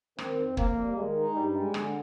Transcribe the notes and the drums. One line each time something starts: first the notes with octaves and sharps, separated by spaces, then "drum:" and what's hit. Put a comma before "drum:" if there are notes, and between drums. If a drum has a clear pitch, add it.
D#3 C4, drum: rim click
F2
F2 A#3, drum: kick
G3
D#3 G#3
D#4
G2 G3
G#3
D3, drum: rim click